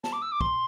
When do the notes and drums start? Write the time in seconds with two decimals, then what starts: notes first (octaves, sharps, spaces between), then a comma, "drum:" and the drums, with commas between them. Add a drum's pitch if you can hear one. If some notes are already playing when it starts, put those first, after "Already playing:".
0.04 A5, drum: snare
0.13 D6
0.22 E6
0.32 D6
0.41 C6, drum: kick